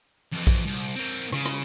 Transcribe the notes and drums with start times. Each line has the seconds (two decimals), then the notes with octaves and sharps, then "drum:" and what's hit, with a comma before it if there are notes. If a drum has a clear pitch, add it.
0.33 F2 E3
0.47 drum: kick A#1
0.66 C2
0.96 C4 A#4
1.32 C#3, drum: rim click
1.45 drum: rim click